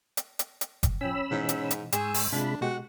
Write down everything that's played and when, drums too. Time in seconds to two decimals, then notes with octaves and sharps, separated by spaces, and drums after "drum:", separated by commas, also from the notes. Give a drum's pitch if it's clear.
0.17 drum: hi-hat
0.39 drum: hi-hat
0.61 drum: hi-hat
0.83 drum: kick F#1, hi-hat
1.01 F3 C#4 G5 G#5 B5 E6
1.31 G#2 B2 E3 D#5
1.49 drum: hi-hat
1.71 drum: hi-hat
1.92 G#2 G#4 C6 C#6 E6 G6, drum: hi-hat
2.14 drum: open hi-hat
2.33 C3 G#3 D4 F4 E5 B5
2.62 B2 G#3 F#4 G4 F#5